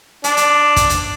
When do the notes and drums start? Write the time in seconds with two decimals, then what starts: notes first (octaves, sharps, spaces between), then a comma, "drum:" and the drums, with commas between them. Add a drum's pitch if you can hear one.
0.24 D4, drum: hi-hat
0.37 drum: hi-hat
0.76 drum: kick, hi-hat
0.90 drum: hi-hat